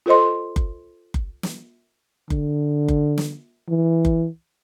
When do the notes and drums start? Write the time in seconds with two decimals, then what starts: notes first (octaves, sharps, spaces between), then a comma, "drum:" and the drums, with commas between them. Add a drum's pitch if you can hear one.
0.06 F4 A4 C5 D#5 C6
0.56 drum: kick F#1
1.14 drum: kick F#1
1.43 drum: snare
2.30 D3, drum: kick F#1
2.88 drum: kick F#1
3.18 drum: snare
3.69 E3
4.05 drum: kick F#1